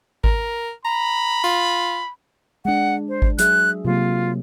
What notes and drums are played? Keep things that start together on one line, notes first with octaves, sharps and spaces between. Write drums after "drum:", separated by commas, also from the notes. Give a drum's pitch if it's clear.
A#4, drum: kick G#1
A#5 B5
F4, drum: tambourine
G#3 D4 F#5
C5
drum: kick G#1
F#3 G#4 E5 F#6, drum: hi-hat
C3 F#3 A#3 F4